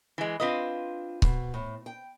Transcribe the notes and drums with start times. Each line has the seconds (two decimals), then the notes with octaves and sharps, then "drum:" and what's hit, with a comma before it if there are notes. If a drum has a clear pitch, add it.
0.18 E3 G#3
0.40 C4 D4 F4 B4 D#5 F5
1.22 B2, drum: kick C#1
1.54 A2
1.86 G5